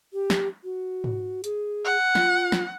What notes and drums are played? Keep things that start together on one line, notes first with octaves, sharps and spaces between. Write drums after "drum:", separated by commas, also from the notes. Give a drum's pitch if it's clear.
G4
drum: snare
F#4
drum: tom G#2
G#4, drum: hi-hat
F#5
F4, drum: snare
drum: snare